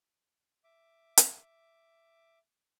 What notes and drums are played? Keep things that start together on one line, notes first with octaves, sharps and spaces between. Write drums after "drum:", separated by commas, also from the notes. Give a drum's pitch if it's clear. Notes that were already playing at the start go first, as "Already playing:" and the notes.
E5 D6
drum: hi-hat